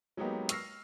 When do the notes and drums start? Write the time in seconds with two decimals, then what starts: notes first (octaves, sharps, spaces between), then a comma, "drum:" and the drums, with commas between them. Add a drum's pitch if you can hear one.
0.17 F#3 G#3 A#3 B3 D#4 G4
0.49 C#6 E6 F6 A#6 C7, drum: hi-hat